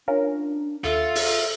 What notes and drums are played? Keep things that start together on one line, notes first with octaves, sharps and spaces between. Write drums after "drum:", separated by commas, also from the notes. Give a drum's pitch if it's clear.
C#4 D4 F4 A#4
D#2 F4 A4 E5
drum: open hi-hat